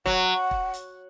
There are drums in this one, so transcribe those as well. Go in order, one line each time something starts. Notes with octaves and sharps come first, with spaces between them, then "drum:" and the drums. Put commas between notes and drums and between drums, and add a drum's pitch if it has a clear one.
F#3 F#5, drum: kick
drum: kick
drum: hi-hat